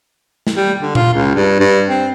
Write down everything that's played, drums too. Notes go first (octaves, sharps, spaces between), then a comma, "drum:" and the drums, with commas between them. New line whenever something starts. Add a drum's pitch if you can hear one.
drum: snare
G3
D3
F4, drum: tom A#2
C#2
G2
G2
C4